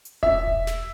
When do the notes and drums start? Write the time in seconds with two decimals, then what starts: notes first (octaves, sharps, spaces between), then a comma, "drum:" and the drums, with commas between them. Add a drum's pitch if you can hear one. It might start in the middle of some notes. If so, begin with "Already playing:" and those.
0.05 drum: hi-hat
0.23 E5, drum: kick E1
0.47 drum: kick E1
0.67 drum: snare